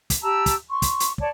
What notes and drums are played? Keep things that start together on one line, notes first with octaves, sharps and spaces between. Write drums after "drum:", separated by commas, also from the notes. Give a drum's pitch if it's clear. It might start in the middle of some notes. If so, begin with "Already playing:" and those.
drum: kick, hi-hat
G4 A5 A#5 E6
drum: kick, hi-hat
C6 C#6
drum: kick, hi-hat
drum: hi-hat
C#5 D5 A5, drum: kick